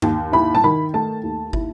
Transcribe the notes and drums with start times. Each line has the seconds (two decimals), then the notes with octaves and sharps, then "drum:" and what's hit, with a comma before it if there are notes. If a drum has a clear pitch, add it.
0.02 D#2, drum: tom G2
0.33 E4 B5
0.55 A5
0.64 D#3 B5
0.94 A3 A5
1.23 D#2
1.53 E4, drum: kick